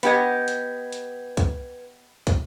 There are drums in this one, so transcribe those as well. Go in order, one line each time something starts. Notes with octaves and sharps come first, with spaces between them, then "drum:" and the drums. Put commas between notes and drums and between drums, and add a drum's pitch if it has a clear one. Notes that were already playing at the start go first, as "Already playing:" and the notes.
B3 G4 B4 D#5 G#6, drum: hi-hat
drum: hi-hat
drum: hi-hat
drum: kick, hi-hat
drum: kick, hi-hat